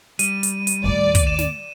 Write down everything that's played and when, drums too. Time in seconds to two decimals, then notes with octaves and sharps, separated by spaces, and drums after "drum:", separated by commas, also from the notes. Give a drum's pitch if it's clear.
0.19 G3 D#7, drum: hi-hat
0.43 drum: hi-hat
0.67 drum: hi-hat
0.84 D#2 A2 D5
1.15 drum: kick, hi-hat
1.27 E7
1.39 drum: snare